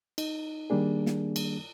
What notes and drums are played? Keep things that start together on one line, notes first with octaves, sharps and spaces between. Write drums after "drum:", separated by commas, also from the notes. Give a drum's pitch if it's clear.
D#4, drum: cymbal
D#3 G3 A#3 D4 G#4
drum: snare
drum: cymbal